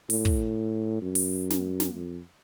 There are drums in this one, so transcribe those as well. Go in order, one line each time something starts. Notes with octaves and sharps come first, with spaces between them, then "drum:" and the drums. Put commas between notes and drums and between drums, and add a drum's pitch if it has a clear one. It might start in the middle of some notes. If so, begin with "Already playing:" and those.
A2, drum: open hi-hat
drum: kick
F#2
drum: open hi-hat
drum: snare
drum: snare
F2